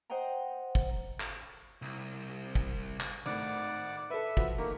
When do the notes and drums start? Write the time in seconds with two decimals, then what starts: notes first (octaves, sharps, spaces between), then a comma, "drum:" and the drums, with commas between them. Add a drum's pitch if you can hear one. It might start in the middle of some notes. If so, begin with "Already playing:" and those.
0.10 C5 D#5 F#5 G5 A#5
0.75 drum: kick
1.20 drum: clap
1.82 C2
2.55 drum: kick
3.01 drum: clap
3.26 G#1 A2 D5 F#5 D6
4.10 A4 B4 E5
4.37 F3 F#4 B4, drum: kick
4.58 D#3 A3 A#3